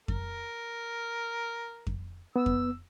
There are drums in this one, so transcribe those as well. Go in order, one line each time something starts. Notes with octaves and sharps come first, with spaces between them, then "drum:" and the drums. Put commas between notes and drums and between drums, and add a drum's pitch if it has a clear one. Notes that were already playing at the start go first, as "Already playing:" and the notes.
A#4, drum: kick F2
drum: kick F2
B3 E6
drum: kick F2